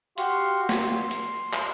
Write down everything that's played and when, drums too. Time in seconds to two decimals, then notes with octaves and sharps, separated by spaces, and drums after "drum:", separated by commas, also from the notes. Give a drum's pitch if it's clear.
0.18 F#4 G4 F5 C6 C#6, drum: hi-hat
0.69 C6, drum: snare
1.11 drum: hi-hat
1.53 drum: clap